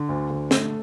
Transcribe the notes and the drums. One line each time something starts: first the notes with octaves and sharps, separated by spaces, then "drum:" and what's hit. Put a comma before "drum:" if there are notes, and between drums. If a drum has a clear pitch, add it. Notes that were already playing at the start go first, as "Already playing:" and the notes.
Already playing: D3
D2
D3
A3, drum: snare